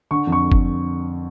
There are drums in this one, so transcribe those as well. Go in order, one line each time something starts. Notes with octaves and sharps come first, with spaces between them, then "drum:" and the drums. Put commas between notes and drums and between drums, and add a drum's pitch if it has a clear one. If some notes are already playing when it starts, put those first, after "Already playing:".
D3 C#6
F2
C#6
drum: kick